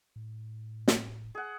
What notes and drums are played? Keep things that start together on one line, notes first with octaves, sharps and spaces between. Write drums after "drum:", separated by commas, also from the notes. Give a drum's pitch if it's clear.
A2
drum: snare
G#4 F#5